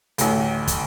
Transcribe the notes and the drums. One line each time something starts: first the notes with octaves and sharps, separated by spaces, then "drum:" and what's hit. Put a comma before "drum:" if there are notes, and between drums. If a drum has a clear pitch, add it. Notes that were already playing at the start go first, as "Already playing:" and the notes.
A1 D2, drum: hi-hat
drum: kick, hi-hat